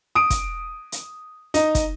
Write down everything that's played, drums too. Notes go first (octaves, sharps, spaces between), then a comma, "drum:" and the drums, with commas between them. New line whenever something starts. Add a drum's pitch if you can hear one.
D#6 D7
drum: kick, hi-hat
drum: hi-hat
D#4, drum: hi-hat
drum: kick, hi-hat